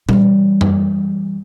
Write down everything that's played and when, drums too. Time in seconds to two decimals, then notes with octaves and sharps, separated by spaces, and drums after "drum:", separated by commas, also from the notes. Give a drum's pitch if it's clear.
0.09 E3 G3, drum: tom A#2
0.61 drum: tom F#2